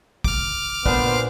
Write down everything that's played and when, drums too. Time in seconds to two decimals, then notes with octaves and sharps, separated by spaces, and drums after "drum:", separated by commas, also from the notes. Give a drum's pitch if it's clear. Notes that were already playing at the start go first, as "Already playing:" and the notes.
0.24 D6 F6, drum: kick
0.86 A#2 B3 D4 C5, drum: kick